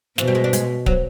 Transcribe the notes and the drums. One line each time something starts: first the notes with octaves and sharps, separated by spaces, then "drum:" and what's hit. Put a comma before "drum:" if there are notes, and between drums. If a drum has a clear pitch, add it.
B2 E3, drum: snare
G3
G#3
D4
G#3, drum: hi-hat
F#3, drum: kick